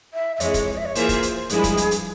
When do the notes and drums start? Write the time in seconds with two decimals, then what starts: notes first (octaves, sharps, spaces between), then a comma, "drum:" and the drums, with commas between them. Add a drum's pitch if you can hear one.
0.13 E5
0.36 E5
0.40 F2 E3 G#3 C#5, drum: hi-hat
0.54 drum: kick, hi-hat
0.77 E5
0.85 C#5
0.95 E3 A#3 F4 G#4 C5 E5, drum: hi-hat
1.09 drum: kick, hi-hat
1.23 drum: hi-hat
1.49 G2 F3 G#3 E4 G#4, drum: hi-hat
1.64 drum: kick, hi-hat
1.77 drum: hi-hat
1.91 drum: hi-hat